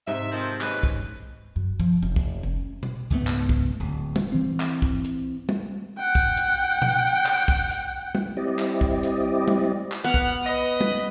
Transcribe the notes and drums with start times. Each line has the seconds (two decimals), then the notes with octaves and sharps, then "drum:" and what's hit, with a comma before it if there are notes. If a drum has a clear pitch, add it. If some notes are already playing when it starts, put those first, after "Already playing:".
0.07 G#2 C3 D#5 E5
0.32 D#3 F3 C4
0.61 D#2 G#3 C#4 B4, drum: clap
0.83 drum: kick
1.56 F#2
1.80 F3
2.02 F1
2.16 drum: kick
2.43 C#4
2.83 drum: tom B2
3.10 C#2 G#2 A3 B3
3.27 drum: clap
3.49 drum: kick
3.80 D1
4.16 drum: tom G3
4.32 E3 C4
4.60 drum: clap
4.82 drum: kick
5.04 drum: hi-hat
5.49 drum: tom G3
5.98 F#5 G5
6.15 drum: kick
6.37 drum: hi-hat
6.82 drum: tom B2
7.26 drum: clap
7.48 drum: kick
7.70 drum: hi-hat
8.15 drum: tom G3
8.37 G3 C4 E4 G4 D5 D#5
8.59 drum: clap
8.81 drum: kick
9.03 drum: hi-hat
9.48 drum: tom G3
9.92 drum: clap
10.04 B3 F#5 F6
10.14 drum: kick
10.43 B4 D#5
10.81 drum: tom G3